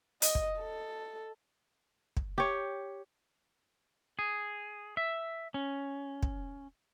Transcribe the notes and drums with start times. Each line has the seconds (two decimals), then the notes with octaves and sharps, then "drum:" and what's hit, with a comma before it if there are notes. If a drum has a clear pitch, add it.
0.22 D#5, drum: hi-hat
0.35 drum: kick
0.60 A4
2.17 drum: kick
2.38 G4 C#5
4.19 G#4
4.97 E5
5.54 C#4
6.23 drum: kick